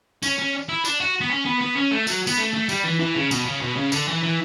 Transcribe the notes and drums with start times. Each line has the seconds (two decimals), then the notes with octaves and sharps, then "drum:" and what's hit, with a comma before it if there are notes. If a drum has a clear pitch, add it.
0.23 C#4, drum: tambourine
0.38 C#4
0.69 E4
0.85 D4, drum: tambourine
1.00 F#4
1.21 B3
1.31 C#4
1.46 B3
1.61 B3
1.76 C#4
1.91 A3
2.07 F#3, drum: tambourine
2.27 B3, drum: tambourine
2.37 A3
2.54 A3
2.69 G3, drum: tambourine
2.84 E3
3.00 E3
3.15 C#3
3.31 B2, drum: tambourine
3.46 C#3
3.61 B2
3.76 C#3
3.92 D3, drum: tambourine
4.08 E3
4.23 E3